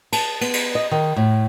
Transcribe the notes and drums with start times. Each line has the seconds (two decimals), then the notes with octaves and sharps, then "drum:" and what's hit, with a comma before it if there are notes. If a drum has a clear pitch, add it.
0.12 A5, drum: cymbal
0.41 B3, drum: cymbal
0.54 drum: cymbal
0.75 D#5
0.91 D#3
1.16 A2